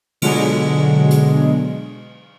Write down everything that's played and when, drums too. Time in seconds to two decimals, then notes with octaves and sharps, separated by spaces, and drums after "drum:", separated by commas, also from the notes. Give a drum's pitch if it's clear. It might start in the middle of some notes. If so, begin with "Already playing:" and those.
0.22 B2 D3 F#3 G#3, drum: cymbal
1.11 drum: hi-hat